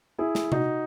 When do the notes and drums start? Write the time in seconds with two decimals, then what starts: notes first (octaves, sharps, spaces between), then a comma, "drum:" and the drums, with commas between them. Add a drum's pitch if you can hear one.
0.19 E4 G#4
0.35 drum: snare
0.52 D#4 F#4, drum: tom C3